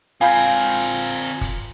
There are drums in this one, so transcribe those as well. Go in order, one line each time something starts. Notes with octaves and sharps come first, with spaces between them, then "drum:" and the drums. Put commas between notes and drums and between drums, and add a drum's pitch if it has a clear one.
C4 F4 A#4 F5 G#5 B5 G6
drum: hi-hat
drum: kick, hi-hat